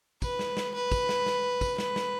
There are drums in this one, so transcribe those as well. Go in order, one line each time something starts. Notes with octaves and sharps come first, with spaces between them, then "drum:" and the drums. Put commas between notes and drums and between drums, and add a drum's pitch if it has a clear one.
B4, drum: kick, tambourine
drum: snare
drum: snare
B4
drum: kick, tambourine
drum: snare
drum: snare
drum: kick, tambourine
B4, drum: snare
drum: snare